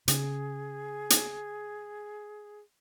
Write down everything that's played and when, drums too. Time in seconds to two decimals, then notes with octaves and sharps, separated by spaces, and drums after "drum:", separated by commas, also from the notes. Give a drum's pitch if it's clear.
0.08 C#3 G#4, drum: hi-hat
1.10 drum: hi-hat